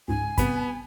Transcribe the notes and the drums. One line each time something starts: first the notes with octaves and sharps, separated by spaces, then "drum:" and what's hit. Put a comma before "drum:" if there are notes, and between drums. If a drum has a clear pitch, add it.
C#2 G#2 G#5
G2 C3 B3 B5, drum: kick, hi-hat